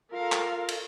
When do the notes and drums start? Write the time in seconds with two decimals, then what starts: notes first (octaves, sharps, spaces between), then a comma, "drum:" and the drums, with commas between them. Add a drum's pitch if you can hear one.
0.14 F4 A4 A#4 F5
0.32 drum: clap
0.69 drum: cymbal